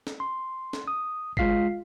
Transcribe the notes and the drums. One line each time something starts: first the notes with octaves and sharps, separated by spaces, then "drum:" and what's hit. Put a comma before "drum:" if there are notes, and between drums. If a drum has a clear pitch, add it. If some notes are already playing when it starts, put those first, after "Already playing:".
drum: snare
C6
drum: snare
D#6
G#3 F4 F5 B6 C7, drum: kick G1